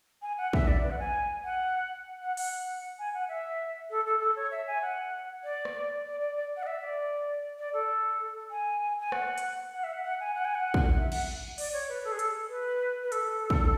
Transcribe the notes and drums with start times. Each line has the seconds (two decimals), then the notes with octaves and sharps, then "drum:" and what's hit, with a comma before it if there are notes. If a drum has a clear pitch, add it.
0.22 G#5
0.38 F#5
0.53 E5, drum: kick
0.68 D5
0.84 B4
0.91 F#5
0.99 G#5
1.44 F#5
2.22 F#5
2.37 F#5, drum: open hi-hat
2.99 G#5
3.14 F#5
3.28 E5
3.90 A4
4.06 A4
4.21 A4
4.36 C#5
4.51 E5
4.68 G#5
4.82 F#5
5.44 D5
5.65 drum: rim click
6.06 D5
6.20 D5
6.37 D5
6.57 F#5
6.63 D5
6.67 E5
6.82 D5
7.59 D5
7.73 A4
8.51 G#5
9.00 G#5
9.12 F#5, drum: rim click
9.38 drum: hi-hat
9.74 F#5
9.84 E5
9.93 F#5
10.04 F#5
10.20 G#5
10.35 F#5
10.45 G#5
10.55 F#5
10.74 drum: kick
10.97 E5
11.12 F#5, drum: cymbal
11.58 D5, drum: open hi-hat
11.73 C#5
11.89 B4
12.04 A4
12.12 G#4
12.19 A4, drum: hi-hat
12.50 B4
13.02 B4
13.12 A4, drum: hi-hat
13.50 drum: kick